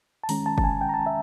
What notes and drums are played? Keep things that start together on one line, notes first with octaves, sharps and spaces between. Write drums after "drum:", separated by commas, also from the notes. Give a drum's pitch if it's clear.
A5
D#3 G#3 C#4 A#5, drum: open hi-hat
A5
A5, drum: kick G1
G#5
G5
A#5
A5
E5